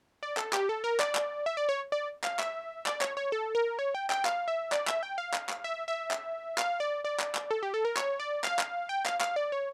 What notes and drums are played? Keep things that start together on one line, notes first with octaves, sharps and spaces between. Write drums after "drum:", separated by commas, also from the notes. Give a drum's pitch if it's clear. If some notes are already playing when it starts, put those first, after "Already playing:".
D5
A4, drum: clap
G4, drum: clap
A4
A#4
D5, drum: clap
drum: clap
E5
D5
C#5
D5
F5, drum: clap
E5, drum: clap
D5, drum: clap
C#5, drum: clap
C#5
A4
A#4
C#5
G5
G5, drum: clap
F5, drum: clap
E5
D5, drum: clap
E5, drum: clap
G5
F5
drum: clap
drum: clap
E5
E5
drum: clap
F5, drum: clap
D5
D5
drum: clap
drum: clap
A4
G4
A4
A#4
C#5, drum: clap
D5
F5, drum: clap
drum: clap
G5
F5, drum: clap
F5, drum: clap
D5
C#5